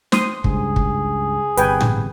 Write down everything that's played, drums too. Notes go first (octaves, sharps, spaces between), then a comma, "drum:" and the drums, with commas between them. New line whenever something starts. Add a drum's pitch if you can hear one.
C5 C6 D#6, drum: snare
C#2 G2 G#4, drum: kick
drum: kick
G1 C3 B4 G5 G#5, drum: hi-hat
drum: tom A2